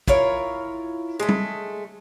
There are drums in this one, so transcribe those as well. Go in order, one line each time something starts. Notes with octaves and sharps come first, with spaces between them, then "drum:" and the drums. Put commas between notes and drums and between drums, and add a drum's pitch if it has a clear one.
E4 F4 A#4 C#5, drum: kick
G#3 A3
drum: tom G3